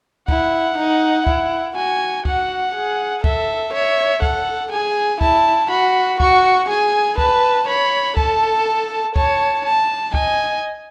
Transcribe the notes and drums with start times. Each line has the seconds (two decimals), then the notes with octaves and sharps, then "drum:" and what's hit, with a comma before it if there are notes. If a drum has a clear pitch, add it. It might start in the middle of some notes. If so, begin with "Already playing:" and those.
0.28 E4 F#5, drum: kick
0.78 D#4
1.27 E4, drum: kick
1.76 F#4 G#5
2.25 F#4 F#5, drum: kick
2.75 G#4
3.24 A4 E5, drum: kick
3.73 C#5 E5
4.22 A4 F#5, drum: kick
4.71 G#4 G#5
5.21 E4 A5, drum: kick
5.70 F#4 B5
6.20 F#4 C#6, drum: kick
6.69 G#4 G#5
7.18 B4 A5, drum: kick
7.68 C#5 B5
8.17 A4 A5, drum: kick
9.16 C#5 A5, drum: kick
9.65 A5
10.14 D#5 G#5, drum: kick